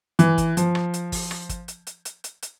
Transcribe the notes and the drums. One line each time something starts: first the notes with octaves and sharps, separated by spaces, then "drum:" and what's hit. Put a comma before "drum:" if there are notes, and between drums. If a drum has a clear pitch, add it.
E3, drum: hi-hat
drum: kick, hi-hat
F3, drum: hi-hat
drum: rim click
drum: hi-hat
drum: kick, open hi-hat
drum: rim click
drum: kick, hi-hat
drum: hi-hat
drum: hi-hat
drum: hi-hat
drum: hi-hat
drum: hi-hat